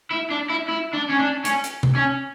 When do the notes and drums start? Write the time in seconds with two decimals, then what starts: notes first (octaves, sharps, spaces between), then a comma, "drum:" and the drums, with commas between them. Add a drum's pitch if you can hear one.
0.11 E4
0.30 D4
0.50 E4
0.69 E4
0.94 D4
1.10 C#4
1.20 D4
1.45 C#4, drum: hi-hat
1.64 drum: hi-hat
1.83 drum: tom
1.96 C#4